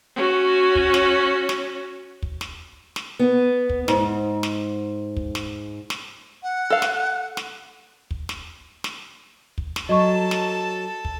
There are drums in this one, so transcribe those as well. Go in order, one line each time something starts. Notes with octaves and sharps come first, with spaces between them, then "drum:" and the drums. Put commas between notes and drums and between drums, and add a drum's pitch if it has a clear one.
C#4 F#4
drum: kick
drum: snare
drum: snare
drum: kick
drum: snare
drum: snare
B3
drum: kick
G#2, drum: snare
drum: snare
drum: kick
drum: snare
drum: snare
F#5
A4 F5
drum: snare
drum: snare
drum: kick
drum: snare
drum: snare
drum: kick
drum: snare
F#3 A4 D#5 A5 C#6
drum: snare
drum: kick